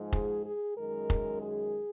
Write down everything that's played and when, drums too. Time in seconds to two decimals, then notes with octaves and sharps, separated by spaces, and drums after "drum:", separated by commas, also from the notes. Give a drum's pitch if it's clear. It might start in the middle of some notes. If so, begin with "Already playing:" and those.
Already playing: G#2 F3 G#3
0.12 G#4, drum: kick F1
0.45 G#4
0.77 F#2 D#3 G#3 A#4
1.10 drum: kick F1
1.42 G#4